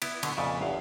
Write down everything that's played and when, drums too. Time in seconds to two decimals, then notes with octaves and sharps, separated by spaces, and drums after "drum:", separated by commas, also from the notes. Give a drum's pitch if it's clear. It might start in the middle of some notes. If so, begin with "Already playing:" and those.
0.02 B3 E4, drum: cymbal
0.23 B2 D3, drum: cymbal
0.37 F2 A#2 C#3 D5 E5
0.61 G1 E2 F5